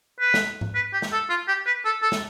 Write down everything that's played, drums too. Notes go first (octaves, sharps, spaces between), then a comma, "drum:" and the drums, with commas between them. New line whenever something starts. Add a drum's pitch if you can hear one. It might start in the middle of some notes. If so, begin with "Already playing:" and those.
B4
drum: snare
drum: tom G#2
B4
G4
drum: snare
A4
F4
G4
B4
A4
A4
drum: snare